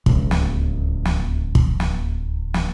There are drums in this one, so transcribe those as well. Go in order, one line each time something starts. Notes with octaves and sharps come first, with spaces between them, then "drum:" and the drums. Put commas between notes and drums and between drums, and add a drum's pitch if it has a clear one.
D1 C#2, drum: kick
drum: snare
drum: snare
drum: kick
drum: snare
drum: snare